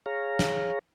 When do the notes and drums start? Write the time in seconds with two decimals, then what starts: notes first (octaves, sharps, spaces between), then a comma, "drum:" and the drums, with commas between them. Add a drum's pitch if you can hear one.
0.06 G#4 C#5 F5 A#5
0.39 drum: snare